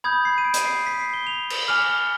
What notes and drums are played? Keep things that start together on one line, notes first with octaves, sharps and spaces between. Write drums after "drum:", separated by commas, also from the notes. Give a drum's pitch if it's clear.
B5 D#6 G6 G#6
C7
D#7
D7
drum: hi-hat
C7
B6
C7
G7
F7
drum: cymbal
G#5 D6 F6 F7
G7
F7